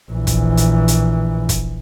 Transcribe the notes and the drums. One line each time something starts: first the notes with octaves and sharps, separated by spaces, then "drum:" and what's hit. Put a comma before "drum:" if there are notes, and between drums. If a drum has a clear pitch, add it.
A#1 E3
drum: kick, hi-hat
drum: hi-hat
drum: hi-hat
drum: kick, hi-hat